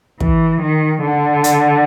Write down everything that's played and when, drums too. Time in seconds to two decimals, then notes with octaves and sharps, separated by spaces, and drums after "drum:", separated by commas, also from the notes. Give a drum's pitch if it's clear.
0.20 E3, drum: kick
0.62 D#3
1.02 D3
1.44 drum: hi-hat